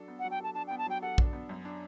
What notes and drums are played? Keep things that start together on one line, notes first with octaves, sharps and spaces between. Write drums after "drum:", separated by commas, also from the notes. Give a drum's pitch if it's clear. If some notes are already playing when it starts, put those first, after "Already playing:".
Already playing: F#3 D4 A4
B3
F#5
F#3
G5
A4 A5
D4 A5
G5
B3
A5
F#3 G5
A4 F#5
D4, drum: kick
B3
F#2
D4